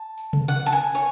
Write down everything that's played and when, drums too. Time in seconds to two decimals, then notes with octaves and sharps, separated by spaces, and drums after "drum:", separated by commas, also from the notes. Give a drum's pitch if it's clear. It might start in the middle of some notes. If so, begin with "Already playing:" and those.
Already playing: A5
0.18 drum: tambourine
0.33 drum: tom C3
0.48 F#5, drum: tambourine
0.66 A5, drum: tambourine
0.72 G#5
0.95 C#5, drum: tambourine